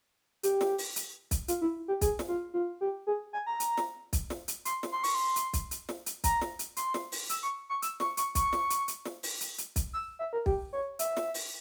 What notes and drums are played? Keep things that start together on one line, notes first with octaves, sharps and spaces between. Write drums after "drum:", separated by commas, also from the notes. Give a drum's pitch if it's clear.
G4, drum: hi-hat
drum: snare
drum: open hi-hat
drum: hi-hat
drum: kick, hi-hat
F4, drum: hi-hat
E4
G4
G#4, drum: kick, hi-hat
drum: snare
F4
F4
G4
G#4
G#5
A#5
drum: hi-hat
drum: snare
drum: kick, hi-hat
drum: snare
drum: hi-hat
C6, drum: hi-hat
drum: snare
C6
C#6, drum: open hi-hat
C6
drum: hi-hat
drum: kick, hi-hat
drum: hi-hat
drum: snare
drum: hi-hat
A#5, drum: kick, hi-hat
drum: snare
drum: hi-hat
C6, drum: hi-hat
drum: snare
drum: open hi-hat
E6, drum: hi-hat
C#6
C#6
E6, drum: hi-hat
C#6, drum: snare
C#6, drum: hi-hat
C#6, drum: kick, hi-hat
drum: snare
drum: hi-hat
drum: hi-hat
drum: snare
drum: open hi-hat
drum: hi-hat
drum: hi-hat
drum: kick, hi-hat
E6
E5
A#4
G4, drum: kick
C#5
E5, drum: hi-hat
drum: snare
drum: open hi-hat